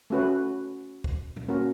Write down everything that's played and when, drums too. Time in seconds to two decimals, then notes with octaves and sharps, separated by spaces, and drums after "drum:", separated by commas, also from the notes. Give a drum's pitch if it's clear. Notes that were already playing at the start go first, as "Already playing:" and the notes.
0.10 A3 C#4 F#4 B4
1.04 drum: kick
1.36 drum: tom A#2
1.48 A#3 C#4 F#4 A#4